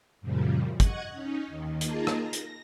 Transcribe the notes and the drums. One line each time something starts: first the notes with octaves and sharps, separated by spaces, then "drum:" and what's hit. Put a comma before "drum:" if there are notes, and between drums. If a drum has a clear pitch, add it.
F#2 A#2 C#3 F3 G3
D#5 F#5 C#6 D#6 F#6 G#6, drum: kick, hi-hat
C#4 D#4
D#2 D#3
A#3 D#4 F4 G#4 A5 A#5, drum: hi-hat
drum: rim click
A#6
drum: hi-hat